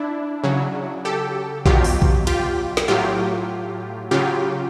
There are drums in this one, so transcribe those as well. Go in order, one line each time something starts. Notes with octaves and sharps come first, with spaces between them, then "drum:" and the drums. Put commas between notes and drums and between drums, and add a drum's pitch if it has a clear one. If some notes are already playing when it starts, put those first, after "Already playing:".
Already playing: D4 E4
C#3 F#3
G4 A4
B2 F#3 F4 G4, drum: kick B1
drum: open hi-hat
drum: kick B1
F4 G4, drum: cymbal
drum: snare
A2 F#3 F4 G4
C#3 F#3 F4 G4